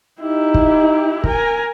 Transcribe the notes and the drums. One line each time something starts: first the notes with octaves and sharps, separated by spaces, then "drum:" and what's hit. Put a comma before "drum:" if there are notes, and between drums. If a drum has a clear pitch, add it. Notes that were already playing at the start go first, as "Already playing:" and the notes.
D#4 E4 G4
drum: kick
A#4 G#5, drum: kick